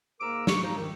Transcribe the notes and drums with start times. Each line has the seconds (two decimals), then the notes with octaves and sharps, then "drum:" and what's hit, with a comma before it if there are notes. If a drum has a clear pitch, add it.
0.20 G#2 A#3 A#4 A#5 D6 E6
0.47 C#6, drum: snare
0.62 F3 D#4
0.77 D#3